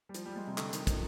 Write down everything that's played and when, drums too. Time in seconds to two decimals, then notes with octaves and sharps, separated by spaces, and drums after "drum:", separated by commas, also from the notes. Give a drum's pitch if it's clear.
0.09 G3
0.14 F3, drum: hi-hat
0.25 G3
0.36 G#3
0.47 C3
0.58 D3, drum: clap
0.73 D#3, drum: hi-hat
0.87 F3, drum: kick, hi-hat